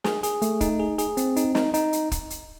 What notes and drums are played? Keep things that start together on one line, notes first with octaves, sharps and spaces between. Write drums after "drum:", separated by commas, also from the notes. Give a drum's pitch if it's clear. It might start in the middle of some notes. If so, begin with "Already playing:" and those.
G#4, drum: snare
G#4, drum: hi-hat
A3, drum: hi-hat
D#4, drum: kick, hi-hat
G#4
G#4, drum: hi-hat
C4, drum: hi-hat
D#4, drum: hi-hat
D#4, drum: snare
D#4, drum: hi-hat
drum: hi-hat
drum: kick, hi-hat
drum: hi-hat